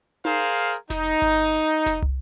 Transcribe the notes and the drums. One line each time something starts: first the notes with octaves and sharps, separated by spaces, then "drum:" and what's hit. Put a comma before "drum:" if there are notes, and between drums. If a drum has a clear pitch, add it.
G#4 A#4 C5 F5, drum: tom D#4
drum: open hi-hat
drum: hi-hat
drum: hi-hat
D#4, drum: snare F1
drum: hi-hat
drum: kick G1, hi-hat
drum: hi-hat
drum: hi-hat
drum: hi-hat
drum: snare F1
drum: tom